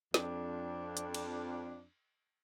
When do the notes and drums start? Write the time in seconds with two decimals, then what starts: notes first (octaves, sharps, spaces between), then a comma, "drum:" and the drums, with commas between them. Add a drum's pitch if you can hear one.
0.14 F2 D4, drum: snare
0.97 drum: hi-hat
1.14 drum: cymbal